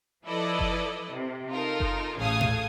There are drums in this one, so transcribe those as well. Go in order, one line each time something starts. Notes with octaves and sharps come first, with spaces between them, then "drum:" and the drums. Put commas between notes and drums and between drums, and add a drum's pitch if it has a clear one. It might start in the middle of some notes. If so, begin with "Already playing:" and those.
F3 E4 A4 B4 D5 D#5
drum: kick F#1
C3
D#4 F4 A4 A#4
drum: kick F#1
A1 C#3 A4 F5 D#6 G#6
drum: tom A#2